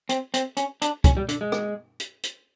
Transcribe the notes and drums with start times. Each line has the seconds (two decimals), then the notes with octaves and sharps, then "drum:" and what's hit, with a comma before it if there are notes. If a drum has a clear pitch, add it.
0.09 C4, drum: hi-hat
0.34 C4, drum: hi-hat
0.57 C#4, drum: hi-hat
0.82 D4, drum: hi-hat
1.04 C#4, drum: kick, hi-hat
1.17 G3
1.29 D3, drum: hi-hat
1.41 G#3
1.52 drum: rim click
2.00 drum: hi-hat
2.23 drum: hi-hat